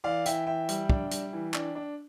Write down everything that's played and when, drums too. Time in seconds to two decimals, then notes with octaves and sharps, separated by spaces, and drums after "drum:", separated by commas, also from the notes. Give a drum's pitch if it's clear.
0.04 E3 D5 F5
0.26 E3 E5 G5, drum: hi-hat
0.47 E3 E5 G5
0.69 G3, drum: hi-hat
0.90 D4, drum: kick
1.11 G3, drum: hi-hat
1.33 E3
1.54 D4, drum: clap
1.75 D4